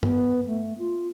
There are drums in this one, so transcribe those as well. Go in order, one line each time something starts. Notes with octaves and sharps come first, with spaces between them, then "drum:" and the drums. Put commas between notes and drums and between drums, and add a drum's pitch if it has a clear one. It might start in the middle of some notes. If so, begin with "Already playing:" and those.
B3, drum: tom
A3
F4